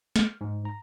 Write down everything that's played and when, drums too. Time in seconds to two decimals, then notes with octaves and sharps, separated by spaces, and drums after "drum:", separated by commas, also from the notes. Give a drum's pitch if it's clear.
0.16 F6, drum: snare
0.41 G#2
0.65 A#5